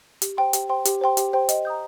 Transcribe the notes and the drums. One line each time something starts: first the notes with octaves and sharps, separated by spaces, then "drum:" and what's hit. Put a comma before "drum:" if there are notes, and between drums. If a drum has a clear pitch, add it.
G4, drum: hi-hat
C5 G5 C6
G4, drum: hi-hat
C5 G5 C6
G4, drum: hi-hat
C5 G5 C6
G4, drum: hi-hat
C5 G5 C6
D#5, drum: hi-hat
A#5 D#6 G6